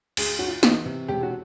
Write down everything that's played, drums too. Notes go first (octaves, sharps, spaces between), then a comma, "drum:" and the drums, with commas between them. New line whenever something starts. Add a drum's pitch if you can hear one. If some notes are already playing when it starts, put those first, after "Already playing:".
D2 G#4, drum: cymbal
D2 F#4
F4
E3 D#4, drum: snare
C3
E1 G4
F#4